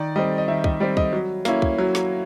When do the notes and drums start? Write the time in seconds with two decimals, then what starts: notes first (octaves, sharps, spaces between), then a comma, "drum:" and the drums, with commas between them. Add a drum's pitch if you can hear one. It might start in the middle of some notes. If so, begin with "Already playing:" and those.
Already playing: D#3 D5
0.16 G3 C4 D#5
0.38 D#5
0.48 D#3 E5
0.64 D#5, drum: kick
0.80 G3 C4 D5
0.97 D#5, drum: kick
1.13 F#3
1.45 A#3 C#4 E4, drum: snare
1.62 drum: kick
1.78 F#3
1.95 drum: snare